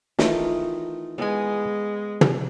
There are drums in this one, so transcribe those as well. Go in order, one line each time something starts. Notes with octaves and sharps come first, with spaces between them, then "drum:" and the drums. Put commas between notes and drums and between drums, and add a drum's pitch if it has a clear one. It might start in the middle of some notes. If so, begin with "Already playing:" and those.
D#3 E3 A3 D#4 F4, drum: snare
G#3 B3 G#5
drum: tom